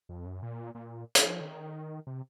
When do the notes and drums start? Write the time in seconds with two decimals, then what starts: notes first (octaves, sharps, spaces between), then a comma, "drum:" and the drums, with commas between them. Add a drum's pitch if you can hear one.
0.09 F2
0.26 F#2
0.42 A#2
0.75 A#2
1.15 drum: hi-hat
1.24 F3
1.41 D#3
2.07 C3